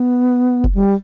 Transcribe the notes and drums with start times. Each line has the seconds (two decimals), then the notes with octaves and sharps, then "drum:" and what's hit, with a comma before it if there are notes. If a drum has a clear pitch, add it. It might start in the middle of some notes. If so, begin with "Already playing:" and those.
Already playing: B3
0.64 drum: kick F1
0.75 G3